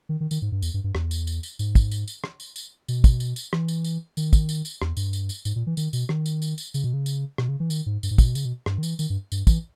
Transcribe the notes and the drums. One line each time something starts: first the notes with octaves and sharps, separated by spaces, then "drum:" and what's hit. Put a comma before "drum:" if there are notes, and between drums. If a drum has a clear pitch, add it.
D#3
D#3
D#3, drum: tambourine
G#2
G2
E2, drum: tambourine
G2
G2
E2, drum: rim click
drum: tambourine
drum: tambourine
drum: tambourine
G#2, drum: tambourine
drum: kick, tambourine
drum: tambourine
drum: tambourine
drum: rim click
drum: tambourine
drum: tambourine
B2, drum: tambourine
drum: kick, tambourine
drum: tambourine
drum: tambourine
E3, drum: rim click
drum: tambourine
drum: tambourine
D#3, drum: tambourine
drum: kick, tambourine
drum: tambourine
drum: tambourine
E2, drum: rim click
G2, drum: tambourine
drum: tambourine
drum: tambourine
G#2, drum: tambourine
A#2
E3
D#3, drum: tambourine
B2, drum: tambourine
D#3, drum: rim click
drum: tambourine
drum: tambourine
drum: tambourine
C#3, drum: tambourine
B2
C#3
drum: tambourine
B2, drum: rim click
C#3
E3
D#3, drum: tambourine
G#2
G2, drum: tambourine
G#2
A#2, drum: kick, tambourine
B2
C#3, drum: tambourine
B2
G2, drum: rim click
D#3
E3, drum: tambourine
D#3, drum: tambourine
G2
G2, drum: tambourine
E3, drum: kick, tambourine